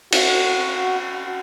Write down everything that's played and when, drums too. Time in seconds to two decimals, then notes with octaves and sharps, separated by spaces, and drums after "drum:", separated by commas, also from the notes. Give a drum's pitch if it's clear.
0.12 F#4, drum: cymbal